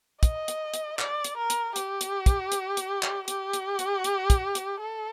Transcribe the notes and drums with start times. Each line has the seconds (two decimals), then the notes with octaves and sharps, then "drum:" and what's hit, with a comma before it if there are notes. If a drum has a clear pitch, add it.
0.23 D#5, drum: kick, hi-hat
0.48 drum: hi-hat
0.74 drum: hi-hat
0.99 D5, drum: clap
1.24 drum: hi-hat
1.37 A#4
1.50 drum: hi-hat
1.76 G4, drum: hi-hat
2.01 drum: hi-hat
2.26 drum: kick, hi-hat
2.52 drum: hi-hat
2.77 drum: hi-hat
3.03 drum: clap
3.28 G4, drum: hi-hat
3.53 drum: hi-hat
3.79 drum: hi-hat
4.04 drum: hi-hat
4.30 drum: kick, hi-hat
4.55 drum: hi-hat
4.80 A4